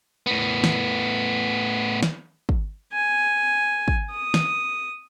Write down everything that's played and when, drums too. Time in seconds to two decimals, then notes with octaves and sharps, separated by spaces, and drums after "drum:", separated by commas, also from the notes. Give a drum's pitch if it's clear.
0.27 A2 B3
0.64 drum: snare
2.03 drum: snare
2.49 drum: kick
2.93 G#5
3.88 drum: kick
4.11 D#6
4.34 drum: snare